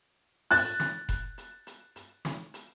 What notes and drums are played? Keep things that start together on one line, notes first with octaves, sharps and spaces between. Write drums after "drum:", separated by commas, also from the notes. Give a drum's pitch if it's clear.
F#6 A6, drum: open hi-hat
drum: snare
drum: kick F1, hi-hat
drum: hi-hat
drum: hi-hat
drum: hi-hat
drum: snare
drum: hi-hat